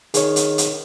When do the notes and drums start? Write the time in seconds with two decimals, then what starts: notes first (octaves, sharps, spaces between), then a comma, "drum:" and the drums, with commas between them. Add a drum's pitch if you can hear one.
0.14 D#3 G#4 C#5, drum: hi-hat
0.36 drum: hi-hat
0.58 drum: hi-hat